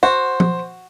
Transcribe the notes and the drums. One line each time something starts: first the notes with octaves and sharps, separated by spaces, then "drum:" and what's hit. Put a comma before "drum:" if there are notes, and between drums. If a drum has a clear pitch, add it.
F#4 C5
drum: tom F3